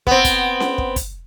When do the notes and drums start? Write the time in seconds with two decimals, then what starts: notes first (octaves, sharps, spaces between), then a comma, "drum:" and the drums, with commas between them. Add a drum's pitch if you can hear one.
0.07 B3 C4, drum: kick
0.25 drum: kick, hi-hat
0.60 drum: snare C#4
0.78 drum: kick
0.96 drum: kick, hi-hat